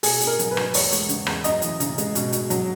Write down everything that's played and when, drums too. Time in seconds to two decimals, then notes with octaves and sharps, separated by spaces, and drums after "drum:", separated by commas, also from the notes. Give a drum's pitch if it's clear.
0.03 B2 G#4, drum: open hi-hat
0.21 B2, drum: hi-hat
0.27 A#4
0.39 F#3, drum: hi-hat
0.51 B4
0.57 F#3, drum: rim click
0.74 E2 C#5, drum: open hi-hat
0.92 G#3, drum: hi-hat
1.09 C#3, drum: hi-hat
1.27 E2, drum: rim click
1.44 F#2 D#5, drum: hi-hat
1.62 E3, drum: hi-hat
1.80 C#3, drum: hi-hat
1.98 G#3, drum: hi-hat
2.15 B2, drum: hi-hat
2.33 B2, drum: hi-hat
2.50 F#3, drum: hi-hat